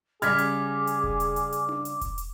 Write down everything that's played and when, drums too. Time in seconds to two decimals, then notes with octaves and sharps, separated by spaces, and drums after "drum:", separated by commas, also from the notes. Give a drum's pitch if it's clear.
0.22 C#3 G3 G#4 D6 F6 G#6 B6, drum: hi-hat
0.38 drum: hi-hat
0.87 drum: hi-hat
1.04 drum: kick E1
1.20 drum: hi-hat
1.36 drum: hi-hat
1.52 drum: hi-hat
1.69 drum: tom D4
1.85 drum: hi-hat
2.01 drum: kick E1, hi-hat
2.18 drum: hi-hat